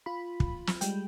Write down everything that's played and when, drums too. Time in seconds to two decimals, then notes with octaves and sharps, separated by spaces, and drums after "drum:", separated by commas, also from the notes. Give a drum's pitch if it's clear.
0.06 F4 B5
0.40 drum: kick
0.67 drum: snare
0.81 G3 G#3 G5, drum: hi-hat